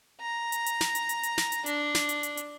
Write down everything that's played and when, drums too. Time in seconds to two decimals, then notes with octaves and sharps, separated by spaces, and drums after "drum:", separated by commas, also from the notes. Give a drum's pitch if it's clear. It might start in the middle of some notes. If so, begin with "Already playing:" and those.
0.21 A#5
0.52 drum: hi-hat
0.66 drum: hi-hat
0.81 drum: snare
0.95 drum: hi-hat
1.09 drum: hi-hat
1.23 drum: hi-hat
1.38 drum: snare
1.52 drum: hi-hat
1.66 D4, drum: hi-hat
1.95 drum: snare
2.09 drum: hi-hat
2.23 drum: hi-hat
2.37 drum: hi-hat